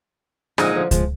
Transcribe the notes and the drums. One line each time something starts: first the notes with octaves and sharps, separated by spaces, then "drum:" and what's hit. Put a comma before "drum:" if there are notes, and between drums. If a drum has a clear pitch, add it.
A#2 D3 F3 G#3 D#4, drum: rim click
D3 F3
F3 G#3, drum: kick C#2, hi-hat